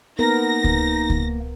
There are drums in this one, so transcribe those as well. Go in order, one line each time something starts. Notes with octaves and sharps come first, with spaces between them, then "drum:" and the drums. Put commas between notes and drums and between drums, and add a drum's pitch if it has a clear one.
A#3 B3 D#4 A#4 A#6
drum: kick C#2
drum: kick C#2